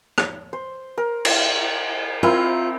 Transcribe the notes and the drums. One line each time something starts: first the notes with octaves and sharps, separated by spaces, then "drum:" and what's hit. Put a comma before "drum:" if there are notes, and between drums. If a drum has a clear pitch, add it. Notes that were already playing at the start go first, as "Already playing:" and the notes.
drum: rim click
C5
A#4
drum: cymbal
C4 E4 F4 A#4